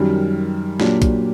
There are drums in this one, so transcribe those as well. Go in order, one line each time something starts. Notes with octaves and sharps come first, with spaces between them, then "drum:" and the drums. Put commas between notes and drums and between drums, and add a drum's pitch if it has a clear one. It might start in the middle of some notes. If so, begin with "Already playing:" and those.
Already playing: F#2 D#3 G3
A#2 F#3 A#3 D4 G4, drum: snare
drum: kick, hi-hat